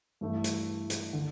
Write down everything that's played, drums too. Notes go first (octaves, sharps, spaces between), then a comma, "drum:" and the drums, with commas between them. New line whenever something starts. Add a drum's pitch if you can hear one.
G2 E3 A3 E4
drum: hi-hat
drum: hi-hat
D3